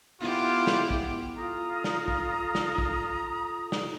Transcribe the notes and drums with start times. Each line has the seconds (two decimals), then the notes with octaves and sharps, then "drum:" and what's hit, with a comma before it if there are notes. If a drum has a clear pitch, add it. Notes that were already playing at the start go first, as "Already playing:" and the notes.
0.20 B3 E4 F4 G4
0.67 drum: snare
0.91 drum: kick
1.37 F4 A4 A#5 D#6
1.84 drum: snare
2.08 drum: kick
2.55 drum: snare
2.78 drum: kick
3.72 drum: snare